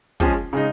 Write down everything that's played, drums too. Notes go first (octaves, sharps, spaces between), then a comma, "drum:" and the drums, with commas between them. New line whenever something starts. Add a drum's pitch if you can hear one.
F3 G#3 C#4 G#4, drum: kick
C#3 G#3 D#4